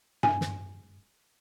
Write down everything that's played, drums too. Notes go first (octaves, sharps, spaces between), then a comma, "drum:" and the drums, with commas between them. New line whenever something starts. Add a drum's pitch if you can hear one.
G#5, drum: tom G2
drum: snare